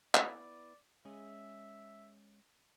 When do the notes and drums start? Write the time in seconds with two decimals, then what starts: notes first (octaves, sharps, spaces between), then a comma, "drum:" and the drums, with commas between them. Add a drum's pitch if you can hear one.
0.14 B3 E4 D5, drum: clap
1.05 G#3 C#4 G#4 E5